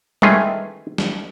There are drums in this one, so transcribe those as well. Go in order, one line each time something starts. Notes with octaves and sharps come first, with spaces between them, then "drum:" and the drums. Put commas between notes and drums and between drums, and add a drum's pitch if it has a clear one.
D#3 E3 A3 C#4 F4 G#4, drum: tom G3
drum: snare